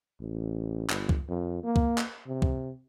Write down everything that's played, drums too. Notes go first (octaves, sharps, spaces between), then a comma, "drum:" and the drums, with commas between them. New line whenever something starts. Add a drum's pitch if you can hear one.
A1
G1, drum: clap
drum: kick C2
F2
A#3
drum: kick C2
drum: clap
C3
drum: kick C2